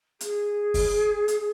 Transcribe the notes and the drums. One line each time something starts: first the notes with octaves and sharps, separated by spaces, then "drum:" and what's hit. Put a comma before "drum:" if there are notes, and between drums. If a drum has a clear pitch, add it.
G#4, drum: hi-hat
drum: kick, open hi-hat
drum: hi-hat